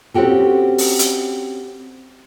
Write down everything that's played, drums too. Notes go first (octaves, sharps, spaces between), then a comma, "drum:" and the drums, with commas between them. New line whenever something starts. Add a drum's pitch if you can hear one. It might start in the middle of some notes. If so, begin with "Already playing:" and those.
C4 C#4 F#4 G4 A4
drum: open hi-hat
drum: hi-hat